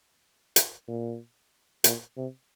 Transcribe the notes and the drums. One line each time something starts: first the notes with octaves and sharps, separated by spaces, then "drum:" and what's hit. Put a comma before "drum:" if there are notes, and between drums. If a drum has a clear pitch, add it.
drum: hi-hat
A#2
A#2, drum: hi-hat
C3